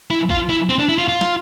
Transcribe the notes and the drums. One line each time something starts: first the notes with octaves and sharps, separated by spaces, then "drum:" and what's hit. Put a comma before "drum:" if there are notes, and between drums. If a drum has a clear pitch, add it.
E4
F4, drum: kick A1
E4
C4
D4
E4
F4
F4
drum: snare